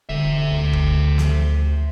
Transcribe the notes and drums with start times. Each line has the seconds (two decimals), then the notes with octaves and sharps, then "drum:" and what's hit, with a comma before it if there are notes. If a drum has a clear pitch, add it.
0.09 E1 D3 C5 E5
0.51 D2
0.73 drum: kick
1.18 drum: snare